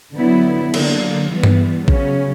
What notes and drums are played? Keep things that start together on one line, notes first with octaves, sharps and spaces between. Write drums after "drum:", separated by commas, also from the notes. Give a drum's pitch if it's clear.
D3 F#3 B3 E4
D3 F#3 A#3, drum: cymbal
E3 G3 B3
drum: tom G2
C#3 F#3 C#4, drum: kick A1